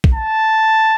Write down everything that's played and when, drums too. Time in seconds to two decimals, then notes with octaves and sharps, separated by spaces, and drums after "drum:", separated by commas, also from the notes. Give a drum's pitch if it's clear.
0.04 drum: kick
0.14 A5